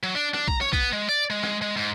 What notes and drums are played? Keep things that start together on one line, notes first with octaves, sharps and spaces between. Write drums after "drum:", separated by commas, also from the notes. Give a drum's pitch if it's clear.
F#3
D4
D4, drum: rim click
A#5, drum: kick
C#5, drum: rim click
B3, drum: kick
G#3
D5
G#3
G#3, drum: rim click
G#3
G#2